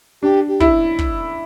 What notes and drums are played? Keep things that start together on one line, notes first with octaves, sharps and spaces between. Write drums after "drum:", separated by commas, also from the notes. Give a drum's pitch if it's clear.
D4 G4
G4
E4, drum: kick
drum: kick